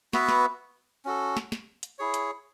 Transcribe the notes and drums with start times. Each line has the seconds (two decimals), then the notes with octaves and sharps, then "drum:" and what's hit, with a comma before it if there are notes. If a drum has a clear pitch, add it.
0.13 B3 F#4 B4 E5, drum: snare
0.28 drum: snare
1.05 C#4 F#4 A4
1.37 drum: snare
1.52 drum: snare
1.83 drum: hi-hat
1.99 E4 G#4 C#5
2.14 drum: hi-hat